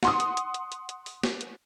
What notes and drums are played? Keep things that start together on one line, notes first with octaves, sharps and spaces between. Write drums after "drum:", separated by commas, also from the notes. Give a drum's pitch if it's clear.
F#5 C6 D#6, drum: snare
drum: hi-hat
drum: hi-hat
drum: hi-hat
drum: hi-hat
drum: hi-hat
drum: open hi-hat
drum: snare
drum: hi-hat